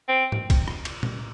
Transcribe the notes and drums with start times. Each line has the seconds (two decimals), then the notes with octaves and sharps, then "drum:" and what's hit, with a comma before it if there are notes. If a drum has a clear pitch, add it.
0.08 C4
0.32 drum: tom G#2
0.50 drum: kick, cymbal
0.68 drum: rim click
0.85 drum: cymbal
1.03 drum: tom A#2